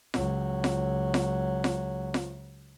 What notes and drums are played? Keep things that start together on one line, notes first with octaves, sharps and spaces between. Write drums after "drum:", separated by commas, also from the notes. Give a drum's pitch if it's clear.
C#2 F#3, drum: snare F4
drum: snare F4
drum: snare F4
drum: snare F4
drum: snare F4